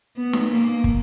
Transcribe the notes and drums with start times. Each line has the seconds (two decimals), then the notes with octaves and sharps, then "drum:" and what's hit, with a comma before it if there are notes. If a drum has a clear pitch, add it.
0.17 B3
0.33 drum: snare
0.50 A#3
0.84 drum: kick